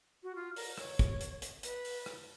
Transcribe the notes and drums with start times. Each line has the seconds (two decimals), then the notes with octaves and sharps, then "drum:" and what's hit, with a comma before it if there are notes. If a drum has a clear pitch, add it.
0.23 F#4
0.35 F4
0.56 A#4, drum: open hi-hat
0.78 C#5, drum: rim click
0.99 drum: kick, hi-hat
1.21 drum: hi-hat
1.42 drum: hi-hat
1.63 B4, drum: hi-hat
1.85 drum: open hi-hat
2.06 drum: rim click